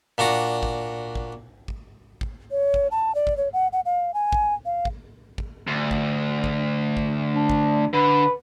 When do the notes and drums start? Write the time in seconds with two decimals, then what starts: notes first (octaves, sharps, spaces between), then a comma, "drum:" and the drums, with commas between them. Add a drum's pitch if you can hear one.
0.18 A#2 D4 F#4 A#5
0.63 drum: kick
1.15 drum: kick
1.68 drum: kick
2.21 drum: kick
2.51 C#5
2.74 drum: kick
2.91 A5
3.15 D5
3.27 drum: kick
3.37 C#5
3.53 F#5
3.73 F#5
3.86 F5
4.14 G#5
4.32 drum: kick
4.66 F5
4.85 drum: kick
5.38 drum: kick
5.67 D2
5.91 drum: kick
6.44 drum: kick
6.97 drum: kick
7.35 D4
7.50 drum: kick
7.94 D3 B4